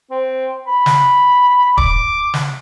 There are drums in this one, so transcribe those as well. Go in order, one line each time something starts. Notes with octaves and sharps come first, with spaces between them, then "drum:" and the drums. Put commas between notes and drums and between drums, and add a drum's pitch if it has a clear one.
C4
B5
drum: snare
D6, drum: kick
drum: snare